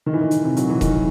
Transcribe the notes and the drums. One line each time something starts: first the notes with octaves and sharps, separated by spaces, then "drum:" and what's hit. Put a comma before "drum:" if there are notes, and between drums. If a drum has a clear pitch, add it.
D#3
E3
D#3
drum: hi-hat
C3
F#3, drum: hi-hat
E3
D#3, drum: kick D#1, hi-hat